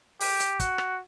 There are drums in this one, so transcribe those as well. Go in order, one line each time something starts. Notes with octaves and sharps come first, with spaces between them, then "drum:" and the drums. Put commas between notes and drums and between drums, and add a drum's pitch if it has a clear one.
G4, drum: open hi-hat
drum: hi-hat
F#4, drum: kick, hi-hat
drum: rim click